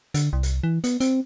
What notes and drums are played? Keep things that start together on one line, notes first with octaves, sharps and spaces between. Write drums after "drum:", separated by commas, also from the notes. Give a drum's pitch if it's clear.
D3, drum: hi-hat
C2
drum: hi-hat
E3
B3, drum: hi-hat
C4, drum: hi-hat